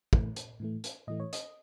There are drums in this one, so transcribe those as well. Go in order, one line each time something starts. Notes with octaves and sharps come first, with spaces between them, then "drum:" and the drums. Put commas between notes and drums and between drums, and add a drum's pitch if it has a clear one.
A2 E3 A3, drum: kick
drum: hi-hat
A2 E3 A3
drum: hi-hat
A2 E3 A3 D#5
C#5
D#5, drum: hi-hat